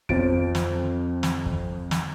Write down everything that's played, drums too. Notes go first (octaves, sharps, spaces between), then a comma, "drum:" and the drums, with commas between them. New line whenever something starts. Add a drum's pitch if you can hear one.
F2 F3 A6 D7, drum: kick
drum: snare
drum: snare
drum: kick
drum: snare